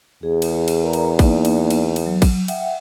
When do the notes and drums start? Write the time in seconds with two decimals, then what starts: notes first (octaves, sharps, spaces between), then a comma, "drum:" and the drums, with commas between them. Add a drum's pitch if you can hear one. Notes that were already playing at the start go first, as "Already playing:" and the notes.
0.23 E2 G#4
0.42 drum: cymbal
0.68 drum: cymbal
0.83 A#4 D5 A#5
0.93 drum: cymbal
1.19 A#3 D#4 D5, drum: kick, cymbal
1.45 drum: cymbal
1.70 drum: cymbal
1.96 drum: cymbal
2.07 F#3
2.22 drum: kick, cymbal
2.48 E5 F#5 G5, drum: cymbal